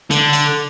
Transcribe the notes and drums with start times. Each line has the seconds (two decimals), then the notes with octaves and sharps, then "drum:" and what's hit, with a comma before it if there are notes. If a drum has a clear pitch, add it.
0.11 D3, drum: hi-hat
0.33 drum: hi-hat